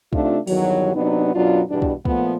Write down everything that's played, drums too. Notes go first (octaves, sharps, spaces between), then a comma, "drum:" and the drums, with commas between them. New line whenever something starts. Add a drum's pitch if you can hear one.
C3 A3 D4 D#4 F4, drum: kick
E2 G2 D#3 F#3, drum: open hi-hat
C3 F#3 B3 D4 D#4
F#2 B2 F#3 D4 F4
E2 G2 B2 G3 D4
drum: kick
A#2 F3 A3 B3, drum: kick